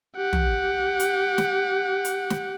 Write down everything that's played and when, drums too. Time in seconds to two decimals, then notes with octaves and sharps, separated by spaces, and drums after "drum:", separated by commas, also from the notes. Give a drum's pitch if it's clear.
0.16 G4 F#5
0.33 drum: tom
1.00 drum: hi-hat
1.38 drum: snare
2.05 drum: hi-hat
2.30 drum: snare